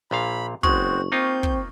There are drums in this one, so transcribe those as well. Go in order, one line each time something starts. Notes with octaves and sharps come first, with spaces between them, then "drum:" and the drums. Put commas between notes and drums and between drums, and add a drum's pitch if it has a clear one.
A#1 A#2 F5 B5
F#1 G#3 C4 F#4 C#6, drum: kick
A#3 C4 D#4 F4 G6
drum: kick